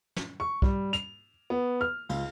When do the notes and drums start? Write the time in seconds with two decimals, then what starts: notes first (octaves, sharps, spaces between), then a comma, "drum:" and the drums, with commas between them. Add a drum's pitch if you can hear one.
0.16 drum: snare
0.40 C#6
0.62 G3, drum: kick
0.93 F7, drum: hi-hat
1.50 B3
1.81 F6
2.09 C#2, drum: cymbal